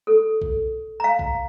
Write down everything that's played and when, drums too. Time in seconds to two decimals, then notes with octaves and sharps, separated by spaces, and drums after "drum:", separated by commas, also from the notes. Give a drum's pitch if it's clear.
0.07 A4
0.42 drum: kick B1
1.00 F5 A#5
1.19 drum: kick B1